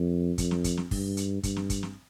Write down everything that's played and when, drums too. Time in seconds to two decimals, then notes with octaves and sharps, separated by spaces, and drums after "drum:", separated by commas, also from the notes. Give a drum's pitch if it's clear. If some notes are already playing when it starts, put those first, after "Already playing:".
Already playing: F2
0.38 F2, drum: kick, hi-hat
0.51 drum: snare
0.64 drum: kick, hi-hat
0.77 drum: snare
0.91 G2, drum: kick, open hi-hat
1.17 drum: hi-hat
1.43 G2, drum: kick, hi-hat
1.56 drum: snare
1.70 drum: kick, hi-hat
1.83 drum: snare